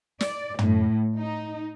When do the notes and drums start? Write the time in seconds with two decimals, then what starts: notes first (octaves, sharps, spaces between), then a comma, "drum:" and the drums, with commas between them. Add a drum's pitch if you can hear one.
0.20 D5, drum: snare
0.59 A2, drum: tom
1.16 D#4